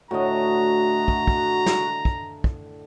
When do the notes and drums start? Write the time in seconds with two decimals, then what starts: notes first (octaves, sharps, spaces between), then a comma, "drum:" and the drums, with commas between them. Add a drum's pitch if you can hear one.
0.11 A2 D3 F#4 D#5 A#5
1.08 drum: kick
1.28 drum: kick
1.66 drum: snare
2.05 drum: kick
2.44 drum: kick